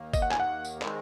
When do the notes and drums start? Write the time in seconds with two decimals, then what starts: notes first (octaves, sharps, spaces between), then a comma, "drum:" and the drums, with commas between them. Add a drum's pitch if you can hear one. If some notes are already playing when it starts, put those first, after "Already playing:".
Already playing: D#2 D#3 A#3
0.13 D#5, drum: kick, tambourine
0.22 F#5
0.31 G#5, drum: clap
0.40 F#5
0.65 drum: tambourine
0.82 D#3 G#3 C4, drum: clap